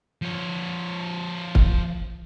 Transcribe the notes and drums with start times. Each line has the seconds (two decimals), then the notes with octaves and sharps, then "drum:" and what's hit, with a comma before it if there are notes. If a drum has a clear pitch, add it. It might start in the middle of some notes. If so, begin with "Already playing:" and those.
0.22 F3 C#5
1.55 drum: kick